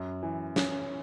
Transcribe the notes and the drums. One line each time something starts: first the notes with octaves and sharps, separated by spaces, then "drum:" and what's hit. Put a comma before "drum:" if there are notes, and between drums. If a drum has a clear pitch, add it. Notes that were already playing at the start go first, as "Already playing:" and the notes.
Already playing: F#2
E3
C#4, drum: snare